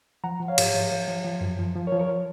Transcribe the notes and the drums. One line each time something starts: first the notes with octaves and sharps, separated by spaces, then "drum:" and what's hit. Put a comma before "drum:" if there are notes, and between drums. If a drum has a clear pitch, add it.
F3 F#5 A#5
F3
C#5 F5
G#2, drum: cymbal
F3
F3
F3
F3
F#2
F3
F3
A#4 C#5
F3
A#4 C#5